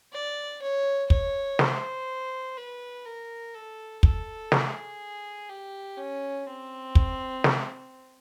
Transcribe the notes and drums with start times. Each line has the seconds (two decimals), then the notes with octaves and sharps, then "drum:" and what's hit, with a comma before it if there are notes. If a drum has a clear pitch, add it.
0.13 D5
0.62 C#5
1.10 C#5, drum: kick
1.59 C5, drum: snare
2.57 B4
3.06 A#4
3.54 A4
4.03 A4, drum: kick
4.52 G#4, drum: snare
5.49 G4
5.97 C#4
6.47 C4
6.95 drum: kick
7.44 drum: snare